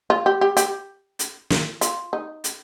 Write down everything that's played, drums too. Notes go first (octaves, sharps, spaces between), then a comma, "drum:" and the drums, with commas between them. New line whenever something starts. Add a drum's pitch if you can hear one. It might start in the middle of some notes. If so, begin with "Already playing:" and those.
F4
G4
G4
G4, drum: hi-hat
drum: hi-hat
drum: snare
F4, drum: hi-hat
D#4
drum: hi-hat